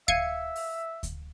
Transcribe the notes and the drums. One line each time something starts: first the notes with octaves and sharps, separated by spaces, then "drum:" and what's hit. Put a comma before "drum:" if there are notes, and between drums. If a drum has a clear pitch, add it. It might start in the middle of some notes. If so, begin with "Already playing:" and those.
E5 F5 G#6 C#7 D#7, drum: kick D2
drum: open hi-hat
drum: kick D2, hi-hat